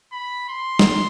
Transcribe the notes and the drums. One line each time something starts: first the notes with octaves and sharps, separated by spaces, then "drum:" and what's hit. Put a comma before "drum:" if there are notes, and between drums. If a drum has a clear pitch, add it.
B5
C6
drum: snare